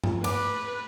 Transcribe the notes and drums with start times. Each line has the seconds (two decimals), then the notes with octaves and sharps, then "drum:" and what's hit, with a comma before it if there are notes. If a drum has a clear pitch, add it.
0.04 drum: tom G2
0.24 B4 D6, drum: cymbal